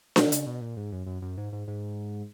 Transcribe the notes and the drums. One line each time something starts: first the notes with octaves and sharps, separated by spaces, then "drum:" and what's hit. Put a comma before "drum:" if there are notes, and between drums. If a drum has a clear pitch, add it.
B2, drum: snare D4
D#3
C#3, drum: hi-hat
B2
A#2
G#2
F#2
F#2
F#2
G#2
G#2
G#2